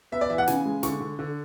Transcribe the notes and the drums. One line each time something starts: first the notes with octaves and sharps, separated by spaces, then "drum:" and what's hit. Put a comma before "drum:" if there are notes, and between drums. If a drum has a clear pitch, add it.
B3 E5
D5
E3 E5
F#5
C#3 G#5, drum: snare
G#3
D3 C#6, drum: snare
D3
D3